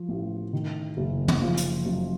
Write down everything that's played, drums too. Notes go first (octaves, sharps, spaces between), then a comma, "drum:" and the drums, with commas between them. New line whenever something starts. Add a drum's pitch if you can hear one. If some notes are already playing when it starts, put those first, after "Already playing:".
Already playing: F3
A1
D#3
F#1
drum: tom
F3
drum: hi-hat
F#2